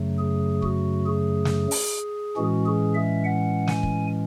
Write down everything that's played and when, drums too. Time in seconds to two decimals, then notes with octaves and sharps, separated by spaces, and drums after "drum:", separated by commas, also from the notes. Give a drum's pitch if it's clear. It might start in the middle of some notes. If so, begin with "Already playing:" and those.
Already playing: F#2 C#3 F#3 A3
0.19 G#4
0.62 F#4, drum: kick
1.06 G#4
1.45 drum: snare
1.71 drum: open hi-hat
2.37 A2 E3 G#3 C#4 F#4
2.66 G#4
2.95 E5
3.24 F#5
3.68 G#5, drum: snare
3.83 drum: kick